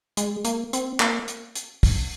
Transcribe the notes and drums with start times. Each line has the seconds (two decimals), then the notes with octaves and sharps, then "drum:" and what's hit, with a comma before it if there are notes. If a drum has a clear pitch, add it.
0.17 G#3, drum: hi-hat
0.45 A#3, drum: hi-hat
0.73 C4, drum: hi-hat
1.00 A#3, drum: clap
1.28 drum: hi-hat
1.55 drum: hi-hat
1.83 drum: kick, open hi-hat